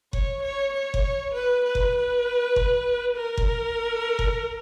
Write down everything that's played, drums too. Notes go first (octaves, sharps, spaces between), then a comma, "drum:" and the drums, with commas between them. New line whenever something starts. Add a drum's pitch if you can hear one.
C#5, drum: kick F#1
C#5
C#5
drum: kick F#1
B4
B4
drum: kick F#1
B4
drum: kick F#1
A#4
drum: kick F#1
drum: kick F#1